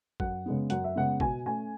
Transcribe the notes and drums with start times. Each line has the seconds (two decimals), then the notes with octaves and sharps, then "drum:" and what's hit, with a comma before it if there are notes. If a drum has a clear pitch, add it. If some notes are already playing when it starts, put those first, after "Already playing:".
0.20 F#2 F#5, drum: kick
0.46 C#3 G#3 B3
0.70 F#2 F#5, drum: hi-hat
0.84 E5
0.96 C#3 G#3 B3 F#5
1.20 B2 G#5, drum: kick
1.46 A3 C#4 G#5